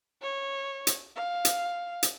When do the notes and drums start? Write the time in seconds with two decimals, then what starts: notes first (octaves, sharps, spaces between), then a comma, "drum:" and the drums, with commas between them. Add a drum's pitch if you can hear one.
0.22 C#5
0.87 drum: hi-hat
1.16 F5
1.45 drum: hi-hat
2.03 drum: hi-hat